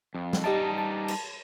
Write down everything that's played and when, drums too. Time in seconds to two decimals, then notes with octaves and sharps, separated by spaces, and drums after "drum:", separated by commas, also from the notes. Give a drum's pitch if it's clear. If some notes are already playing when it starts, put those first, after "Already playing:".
0.15 F2
0.33 drum: snare
0.44 G3 D#4 G4 D#5 A5
0.78 A5
1.08 drum: cymbal